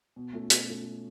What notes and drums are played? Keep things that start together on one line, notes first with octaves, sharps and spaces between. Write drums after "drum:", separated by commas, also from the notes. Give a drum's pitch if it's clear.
B2
A3 C#4 F4 A4
B2, drum: hi-hat
A3 C#4 F4 A4